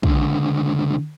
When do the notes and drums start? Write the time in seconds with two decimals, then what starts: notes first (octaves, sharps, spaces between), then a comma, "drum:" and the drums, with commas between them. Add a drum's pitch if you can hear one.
0.03 C#2 D3, drum: kick